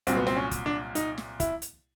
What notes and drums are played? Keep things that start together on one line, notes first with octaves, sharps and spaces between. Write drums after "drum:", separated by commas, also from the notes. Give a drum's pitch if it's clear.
C2 A#2 F#3 C4, drum: hi-hat
B3
C4, drum: snare
C#4
drum: kick, hi-hat
D4
D#4, drum: hi-hat
drum: snare
E4, drum: kick, hi-hat
drum: hi-hat